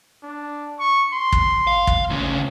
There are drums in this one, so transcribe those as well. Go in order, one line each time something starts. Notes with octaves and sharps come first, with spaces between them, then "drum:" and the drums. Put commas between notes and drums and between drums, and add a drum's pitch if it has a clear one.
D4
C#6
C6
drum: kick
F5
drum: kick
D2 C#3